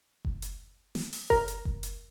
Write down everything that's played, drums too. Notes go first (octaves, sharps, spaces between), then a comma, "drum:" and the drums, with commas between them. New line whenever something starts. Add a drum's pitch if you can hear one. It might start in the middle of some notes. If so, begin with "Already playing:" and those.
drum: kick F#1
drum: hi-hat
drum: snare
drum: open hi-hat
A#4, drum: kick F#1
drum: hi-hat
drum: kick F#1
drum: hi-hat